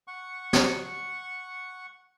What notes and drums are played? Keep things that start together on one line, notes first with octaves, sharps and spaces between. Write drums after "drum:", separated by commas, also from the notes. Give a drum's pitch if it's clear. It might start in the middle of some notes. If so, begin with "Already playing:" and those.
F#5 C#6
drum: snare